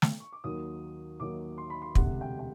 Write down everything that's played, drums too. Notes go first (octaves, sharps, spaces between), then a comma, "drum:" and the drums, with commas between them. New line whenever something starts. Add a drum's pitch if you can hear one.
drum: snare
C#6
D6
D#2 D#3 F#3 D#6
D#2 D#3 F#3 D6
C6
B5
C6
E1 D2 C3 F#5, drum: kick
G5
G5